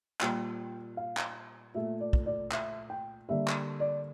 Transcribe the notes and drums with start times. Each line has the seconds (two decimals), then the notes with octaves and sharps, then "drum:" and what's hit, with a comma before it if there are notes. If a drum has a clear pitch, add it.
0.21 A#2 G3 A#3 G5, drum: clap
0.97 F5
1.17 drum: clap
1.74 A#2 A3 E5
2.00 D5
2.13 drum: kick
2.26 D5
2.52 E5, drum: clap
2.90 G5
3.29 D3 G3 A#3 E5
3.48 drum: clap
3.80 D5